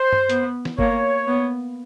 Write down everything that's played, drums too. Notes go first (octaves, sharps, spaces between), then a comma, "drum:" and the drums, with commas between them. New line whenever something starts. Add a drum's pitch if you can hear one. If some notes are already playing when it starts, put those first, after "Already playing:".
Already playing: C5
drum: tom G2
B3, drum: hi-hat
drum: snare
A#3 C#5, drum: kick F#1
B3